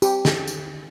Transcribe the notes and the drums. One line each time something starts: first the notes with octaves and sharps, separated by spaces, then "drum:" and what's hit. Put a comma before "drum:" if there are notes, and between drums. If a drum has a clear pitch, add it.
G4, drum: tambourine
drum: snare
drum: tambourine